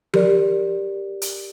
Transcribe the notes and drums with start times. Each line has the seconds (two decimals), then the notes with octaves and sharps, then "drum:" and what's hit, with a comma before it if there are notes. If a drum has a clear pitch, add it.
0.14 G4 A#4 D5, drum: tom F3
1.22 drum: hi-hat